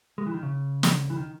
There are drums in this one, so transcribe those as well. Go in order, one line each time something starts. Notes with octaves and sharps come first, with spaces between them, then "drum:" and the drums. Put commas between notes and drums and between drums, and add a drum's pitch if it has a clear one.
G#3
E3
D#3
C#3
drum: snare
E3
D#3